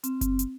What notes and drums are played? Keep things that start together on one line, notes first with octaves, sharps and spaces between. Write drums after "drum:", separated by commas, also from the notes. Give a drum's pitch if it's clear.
C4, drum: hi-hat
drum: kick F#1, hi-hat
drum: hi-hat